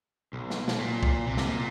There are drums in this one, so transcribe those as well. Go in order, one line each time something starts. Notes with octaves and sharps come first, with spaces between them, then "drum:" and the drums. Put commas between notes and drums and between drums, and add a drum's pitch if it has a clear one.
B1
drum: snare
drum: snare
A#2
drum: kick
C3
drum: snare
A#2